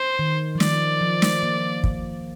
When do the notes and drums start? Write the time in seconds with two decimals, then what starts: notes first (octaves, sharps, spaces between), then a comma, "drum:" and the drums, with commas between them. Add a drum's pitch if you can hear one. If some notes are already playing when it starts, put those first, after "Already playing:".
Already playing: C5
0.19 D#3
0.55 F3
0.60 D#3 D5, drum: snare
1.01 F3
1.22 drum: snare
1.43 A#3
1.84 drum: kick